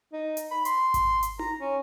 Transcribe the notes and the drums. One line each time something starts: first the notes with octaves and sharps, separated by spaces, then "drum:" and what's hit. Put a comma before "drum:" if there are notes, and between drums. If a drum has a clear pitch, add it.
D#4
drum: hi-hat
B5
C6, drum: hi-hat
drum: kick G#1, hi-hat
drum: hi-hat
A#5, drum: tom D#4
C#4